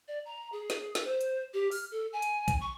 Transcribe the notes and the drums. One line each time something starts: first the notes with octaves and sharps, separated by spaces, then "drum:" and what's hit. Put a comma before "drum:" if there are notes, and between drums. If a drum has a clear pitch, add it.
D5
A#5
G#4
drum: snare
drum: snare
C5
drum: hi-hat
G4
F6, drum: open hi-hat
A4
G#5
drum: hi-hat
drum: kick B1, hi-hat
C#6